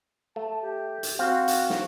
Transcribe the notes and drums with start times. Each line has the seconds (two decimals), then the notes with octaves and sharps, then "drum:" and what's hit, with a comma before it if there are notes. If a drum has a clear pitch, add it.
0.36 A3 A5
0.62 G4
1.03 drum: hi-hat
1.19 C4 F#4 F5
1.48 drum: hi-hat
1.70 drum: snare